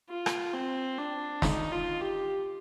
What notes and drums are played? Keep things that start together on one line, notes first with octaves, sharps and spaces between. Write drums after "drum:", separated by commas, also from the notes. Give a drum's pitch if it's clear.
F4
drum: rim click
C4
D4
D#4, drum: snare
F4
G4